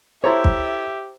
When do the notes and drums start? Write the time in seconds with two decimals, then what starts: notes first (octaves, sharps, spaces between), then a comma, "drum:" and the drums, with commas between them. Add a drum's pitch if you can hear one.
0.24 E4 G4 A4 C5 C#5 E5 A#5
0.44 drum: kick